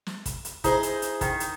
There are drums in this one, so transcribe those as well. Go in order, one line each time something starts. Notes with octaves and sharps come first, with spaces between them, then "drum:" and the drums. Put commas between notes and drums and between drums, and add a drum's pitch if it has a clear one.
drum: snare
drum: kick, hi-hat
drum: hi-hat
D#4 E4 G#4 C5, drum: kick, hi-hat
drum: hi-hat
drum: hi-hat
D#3, drum: kick, hi-hat
drum: hi-hat